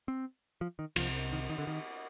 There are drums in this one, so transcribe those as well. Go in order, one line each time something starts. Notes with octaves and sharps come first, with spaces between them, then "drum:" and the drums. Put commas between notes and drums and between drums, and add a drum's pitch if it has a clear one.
C4
F3
D#3
C2 C3 F3, drum: cymbal
D#3
D#3
D3
D#3